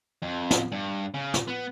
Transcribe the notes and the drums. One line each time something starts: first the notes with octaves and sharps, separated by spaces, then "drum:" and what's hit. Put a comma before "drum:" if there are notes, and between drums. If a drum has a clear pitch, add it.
F2
drum: snare
G2
C#3
drum: snare
B3